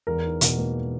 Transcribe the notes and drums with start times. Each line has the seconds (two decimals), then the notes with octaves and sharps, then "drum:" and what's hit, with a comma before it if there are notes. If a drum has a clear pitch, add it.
0.07 E2 A#4
0.25 D#4
0.41 B2, drum: hi-hat
0.58 A#3